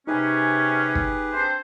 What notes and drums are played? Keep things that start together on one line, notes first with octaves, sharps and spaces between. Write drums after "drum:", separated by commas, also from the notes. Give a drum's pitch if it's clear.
C3 C#4 D#4 G4 G#4 B4 G#5
drum: kick
C4 D4 C5